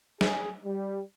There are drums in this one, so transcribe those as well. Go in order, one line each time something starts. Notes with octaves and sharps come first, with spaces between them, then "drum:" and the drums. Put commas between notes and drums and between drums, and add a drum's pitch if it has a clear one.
G#4, drum: snare
G3